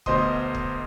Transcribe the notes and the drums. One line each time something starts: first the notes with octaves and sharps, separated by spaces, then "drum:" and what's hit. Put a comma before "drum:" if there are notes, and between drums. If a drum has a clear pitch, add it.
D2 B2 C5 D#5 C6 D#6, drum: kick
drum: kick